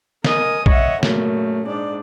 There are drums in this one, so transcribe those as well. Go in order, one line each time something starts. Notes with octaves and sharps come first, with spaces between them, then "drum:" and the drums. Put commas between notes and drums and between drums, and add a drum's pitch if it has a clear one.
A#4 D#5 G#5 D#6, drum: snare
C#5 D#5 E5 F#5, drum: kick A#1
F#2 A#2 C#3 A3, drum: snare
G#2 D4 D5